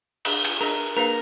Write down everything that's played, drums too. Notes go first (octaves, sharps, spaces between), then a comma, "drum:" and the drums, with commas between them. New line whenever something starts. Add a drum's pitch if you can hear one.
D4 G#4 D#5, drum: cymbal
drum: cymbal
D4 G#4 A#4 D#5
A#3 D4 G#4 A#4 B4 F5